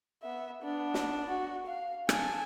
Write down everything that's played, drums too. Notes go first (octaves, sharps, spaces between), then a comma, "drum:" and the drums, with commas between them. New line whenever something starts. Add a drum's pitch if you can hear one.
B3 E5
B3 D4
drum: snare
F#4
F5
G#5 A5, drum: rim click